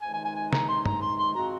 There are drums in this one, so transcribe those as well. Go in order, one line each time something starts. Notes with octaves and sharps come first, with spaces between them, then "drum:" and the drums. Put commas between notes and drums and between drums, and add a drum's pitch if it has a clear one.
C#2 C3 D#3 G#3 D#4 G#5
G#5
G#5
G#5
A#5, drum: snare
C6
A#5, drum: tom G2
C6
C6
F3 G#3 C4 F#4 A#5